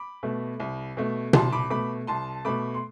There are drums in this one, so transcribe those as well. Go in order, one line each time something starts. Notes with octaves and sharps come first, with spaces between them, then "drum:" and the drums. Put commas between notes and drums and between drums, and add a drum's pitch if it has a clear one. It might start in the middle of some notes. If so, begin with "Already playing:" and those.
Already playing: B5 D6
B2 A3
C2
B2 A3
C2 A5 C6, drum: tom B2
B5 D6
B2 A3 B5 D6
C2 A5 C6
B2 A3 B5 D6
C6